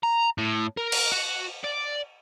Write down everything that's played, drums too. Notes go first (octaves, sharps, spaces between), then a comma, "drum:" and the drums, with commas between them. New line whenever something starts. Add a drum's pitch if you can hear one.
A#5
A2
A#4
drum: cymbal
F#4
D5